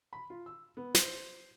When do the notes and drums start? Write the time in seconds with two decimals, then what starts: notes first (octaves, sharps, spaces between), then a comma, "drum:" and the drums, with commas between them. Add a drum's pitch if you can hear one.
0.13 B5
0.30 F4
0.46 E6
0.77 B3
0.95 C5, drum: snare